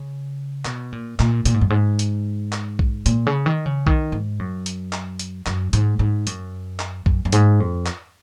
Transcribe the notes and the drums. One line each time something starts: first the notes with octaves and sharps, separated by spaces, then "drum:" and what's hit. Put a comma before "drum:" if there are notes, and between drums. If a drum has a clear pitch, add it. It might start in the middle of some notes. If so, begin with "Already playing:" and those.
Already playing: C#3
B2, drum: clap
A#2
A#2, drum: clap
A#2, drum: hi-hat
G#2
F#2
G#2
drum: hi-hat
drum: clap
drum: kick B1
A#2, drum: hi-hat
C#3
D#3
C#3
D#3, drum: kick B1
G#2
F#2
drum: hi-hat
drum: clap
drum: hi-hat
F#2, drum: clap
G#2, drum: hi-hat
G#2
F#2, drum: hi-hat
drum: clap
F#2, drum: kick B1
F#2
G#2, drum: hi-hat
F2
drum: clap